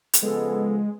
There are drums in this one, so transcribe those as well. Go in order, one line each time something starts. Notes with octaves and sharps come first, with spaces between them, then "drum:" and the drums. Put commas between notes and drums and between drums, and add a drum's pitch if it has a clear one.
drum: hi-hat
C#3 F3 G#3 B3 A4